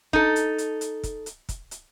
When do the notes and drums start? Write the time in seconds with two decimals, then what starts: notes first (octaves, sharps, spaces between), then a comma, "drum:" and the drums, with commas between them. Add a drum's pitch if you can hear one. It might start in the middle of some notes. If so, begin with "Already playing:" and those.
0.13 D#4 A4, drum: kick
0.36 drum: hi-hat
0.58 drum: hi-hat
0.81 drum: hi-hat
1.04 drum: kick, hi-hat
1.26 drum: hi-hat
1.49 drum: kick, hi-hat
1.71 drum: hi-hat